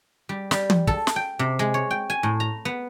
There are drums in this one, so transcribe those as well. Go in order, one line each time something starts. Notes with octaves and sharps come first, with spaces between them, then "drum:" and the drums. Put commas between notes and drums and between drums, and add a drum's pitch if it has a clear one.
G3
G3, drum: snare
drum: tom
A4, drum: kick
drum: snare
G5
C3
G#3
C#5
G5
G#5
A2
A#5
B3